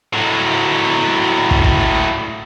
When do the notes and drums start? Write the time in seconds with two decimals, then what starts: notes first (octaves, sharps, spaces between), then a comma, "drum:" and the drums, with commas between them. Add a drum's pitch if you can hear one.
0.13 A2 F#3
1.51 drum: kick
1.64 drum: kick